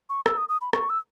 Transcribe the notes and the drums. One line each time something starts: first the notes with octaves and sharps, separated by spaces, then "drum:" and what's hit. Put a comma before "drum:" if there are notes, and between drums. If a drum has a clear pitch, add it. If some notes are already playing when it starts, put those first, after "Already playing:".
C#6
E6, drum: rim click
D#6
D#6
B5
C#6, drum: rim click
E6